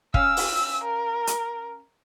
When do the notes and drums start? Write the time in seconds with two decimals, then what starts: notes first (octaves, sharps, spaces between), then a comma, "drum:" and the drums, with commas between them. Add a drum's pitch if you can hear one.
0.14 C#4 F5 G5 E6, drum: kick
0.37 drum: open hi-hat
0.84 A#4
1.27 drum: hi-hat